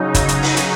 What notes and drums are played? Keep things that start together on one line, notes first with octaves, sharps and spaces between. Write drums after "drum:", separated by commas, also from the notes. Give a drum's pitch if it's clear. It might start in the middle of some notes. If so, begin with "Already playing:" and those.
Already playing: C#3 F#3 D#4
drum: kick, hi-hat
drum: hi-hat
drum: open hi-hat
drum: hi-hat